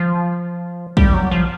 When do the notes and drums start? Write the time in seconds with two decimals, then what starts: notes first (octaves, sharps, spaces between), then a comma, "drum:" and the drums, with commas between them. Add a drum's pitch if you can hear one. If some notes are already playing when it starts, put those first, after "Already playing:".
Already playing: F3
0.97 G3, drum: kick A#1
1.14 F#3
1.31 F3